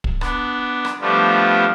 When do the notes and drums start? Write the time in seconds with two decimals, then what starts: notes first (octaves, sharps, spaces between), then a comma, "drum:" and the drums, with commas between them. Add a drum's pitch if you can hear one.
0.04 drum: kick
0.21 B3 D4, drum: rim click
0.85 drum: rim click
1.01 F3 G3 A3 B3 D4 F4